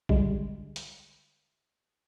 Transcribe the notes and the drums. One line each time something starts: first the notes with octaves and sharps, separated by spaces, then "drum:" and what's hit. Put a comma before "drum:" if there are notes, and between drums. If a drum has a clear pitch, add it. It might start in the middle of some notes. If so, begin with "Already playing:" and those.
D3 G3 G#3, drum: kick A#1
drum: hi-hat